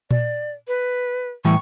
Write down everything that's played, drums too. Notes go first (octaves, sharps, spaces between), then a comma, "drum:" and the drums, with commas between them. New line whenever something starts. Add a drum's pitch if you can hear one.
D5, drum: tom A#2
B4
A2 E3 G3 C#6